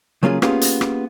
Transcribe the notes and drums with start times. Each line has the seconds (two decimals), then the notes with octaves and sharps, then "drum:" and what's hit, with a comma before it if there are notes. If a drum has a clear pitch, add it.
0.23 C#3 F#3 A#3 C#4 F4 G#4
0.42 A#3 B3 C#4 F4 G4 G#4, drum: rim click
0.61 drum: hi-hat
0.81 drum: rim click